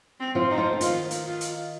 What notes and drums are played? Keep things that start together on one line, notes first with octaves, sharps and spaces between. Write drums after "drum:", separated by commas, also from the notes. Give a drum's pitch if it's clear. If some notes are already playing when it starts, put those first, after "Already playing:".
C4
F3 F4
D#4
F3 F4
C4
D#3 D#4 F4, drum: hi-hat
drum: hi-hat
F4
drum: hi-hat